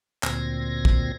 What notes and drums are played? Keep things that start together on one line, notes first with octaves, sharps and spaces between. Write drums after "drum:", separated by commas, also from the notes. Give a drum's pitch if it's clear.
D2 A#2 C4 G#6 A#6, drum: clap
drum: kick